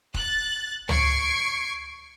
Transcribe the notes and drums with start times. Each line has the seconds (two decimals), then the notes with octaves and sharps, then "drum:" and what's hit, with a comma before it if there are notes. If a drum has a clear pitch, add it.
0.14 F#6 A6, drum: kick
0.89 C#6 G#6 C7 D7, drum: tom C#2